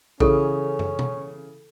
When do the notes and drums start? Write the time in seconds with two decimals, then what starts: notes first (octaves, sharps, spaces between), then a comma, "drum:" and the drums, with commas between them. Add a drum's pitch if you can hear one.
0.20 C#3 E3 C#4 G#4 A4, drum: kick A#1
0.79 drum: tom
0.99 drum: tom